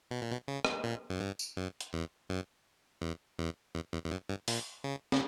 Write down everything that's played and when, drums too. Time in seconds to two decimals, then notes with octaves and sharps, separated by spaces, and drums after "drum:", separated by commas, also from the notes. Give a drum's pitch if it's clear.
0.11 B2
0.22 A#2
0.32 B2
0.48 C#3
0.65 drum: rim click
0.84 A#2
1.10 F#2
1.20 G2
1.39 drum: tambourine
1.57 F#2
1.81 drum: hi-hat
1.93 E2
2.29 F#2
3.02 E2
3.39 E2
3.75 E2
3.93 E2
4.04 E2
4.11 F#2
4.29 G2
4.48 A#2, drum: open hi-hat
4.84 C#3
5.12 C#3, drum: snare